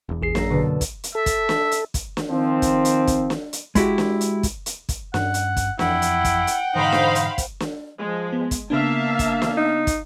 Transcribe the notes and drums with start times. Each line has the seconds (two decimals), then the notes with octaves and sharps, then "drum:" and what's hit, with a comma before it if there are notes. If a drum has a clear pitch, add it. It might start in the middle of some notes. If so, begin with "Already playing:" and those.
0.09 E1 E2
0.22 A1 G#4 C7
0.35 F#2 F#3 A#3 A#5 E6 A#6, drum: snare
0.50 B2 D3
0.81 drum: kick, hi-hat
1.04 drum: hi-hat
1.15 A4 E5
1.26 drum: kick, hi-hat
1.49 drum: snare
1.71 drum: hi-hat
1.94 drum: kick, hi-hat
2.17 drum: snare
2.30 D#3 F3 C4
2.62 drum: kick, hi-hat
2.85 drum: hi-hat
3.07 drum: kick, hi-hat
3.30 drum: snare
3.53 drum: hi-hat
3.75 G#3 E4 F#4 G4, drum: kick, hi-hat
3.98 drum: snare
4.21 drum: hi-hat
4.43 drum: kick, hi-hat
4.66 drum: hi-hat
4.89 drum: kick, hi-hat
5.14 G2 C#4 F#5, drum: snare
5.34 drum: hi-hat
5.57 drum: kick, hi-hat
5.79 F2 E3 F3 E4 F#5 G5, drum: snare
6.02 drum: hi-hat
6.25 drum: kick, hi-hat
6.47 drum: hi-hat
6.75 G#2 D3 E3 D#4 C5 F5 B5
6.92 drum: snare
7.15 drum: hi-hat
7.38 drum: kick, hi-hat
7.60 drum: snare
7.98 F3 G#3
8.32 B3
8.51 drum: kick, hi-hat
8.70 C#3 A#3 B3 D4 E5 F5 A5
9.19 drum: kick, hi-hat
9.42 drum: snare
9.57 D#4
9.87 drum: kick, hi-hat